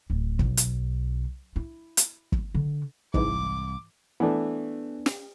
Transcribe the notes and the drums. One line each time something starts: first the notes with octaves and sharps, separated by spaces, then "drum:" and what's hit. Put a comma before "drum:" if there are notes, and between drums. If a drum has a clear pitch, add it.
D1
B1, drum: kick
drum: hi-hat
E4
drum: hi-hat
drum: kick
D3
C2 G#2 E3 D6, drum: kick
E3 A3 B3 D4
drum: snare